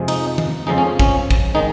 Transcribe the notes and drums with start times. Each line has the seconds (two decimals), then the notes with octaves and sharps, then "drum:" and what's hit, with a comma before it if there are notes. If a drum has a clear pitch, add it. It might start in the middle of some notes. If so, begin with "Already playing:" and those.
Already playing: F2 C3 F3 G#3
0.08 D#4, drum: cymbal
0.38 drum: tom D#3
0.67 F2 C#3 F3 G#3 D#4
0.78 C#4
0.99 C#4, drum: kick
1.31 drum: kick
1.55 D#3 G#3 D#4